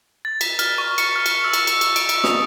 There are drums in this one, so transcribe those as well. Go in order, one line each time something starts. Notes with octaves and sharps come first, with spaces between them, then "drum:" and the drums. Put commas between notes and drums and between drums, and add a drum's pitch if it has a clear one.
A6
B6, drum: cymbal
F6, drum: cymbal
C#6
C#7, drum: cymbal
F6
drum: cymbal
E6
drum: cymbal
drum: cymbal
drum: cymbal
D7, drum: cymbal
drum: cymbal
D#6, drum: snare